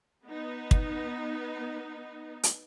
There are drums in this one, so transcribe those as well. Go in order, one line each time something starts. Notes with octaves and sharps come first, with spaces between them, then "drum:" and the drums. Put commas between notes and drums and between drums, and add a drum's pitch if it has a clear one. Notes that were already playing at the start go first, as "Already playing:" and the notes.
B3 D#4
drum: kick
drum: hi-hat